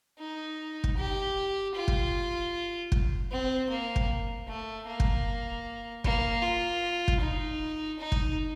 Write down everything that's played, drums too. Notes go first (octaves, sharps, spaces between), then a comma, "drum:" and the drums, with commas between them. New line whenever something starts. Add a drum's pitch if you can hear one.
D#4
drum: kick
G4
F4
drum: kick
drum: kick
C4
A#3
drum: kick
A3
A#3
drum: kick
A#3, drum: kick
F4
drum: kick
D#4
D#4
drum: kick